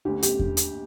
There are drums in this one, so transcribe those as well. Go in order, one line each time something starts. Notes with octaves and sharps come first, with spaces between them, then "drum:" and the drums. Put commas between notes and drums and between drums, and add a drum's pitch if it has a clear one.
D2 D3 G4
G4, drum: hi-hat
drum: kick E2
drum: hi-hat